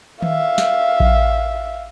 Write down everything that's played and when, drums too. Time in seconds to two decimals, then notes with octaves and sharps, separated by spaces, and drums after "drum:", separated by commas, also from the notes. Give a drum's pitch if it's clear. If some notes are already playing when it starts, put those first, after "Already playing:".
0.22 E5 F5, drum: tom D#3
0.58 drum: snare
1.00 drum: kick A#1